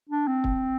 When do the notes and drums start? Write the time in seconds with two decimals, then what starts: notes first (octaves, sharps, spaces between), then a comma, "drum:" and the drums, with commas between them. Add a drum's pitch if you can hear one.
0.09 D4
0.27 C4
0.44 drum: kick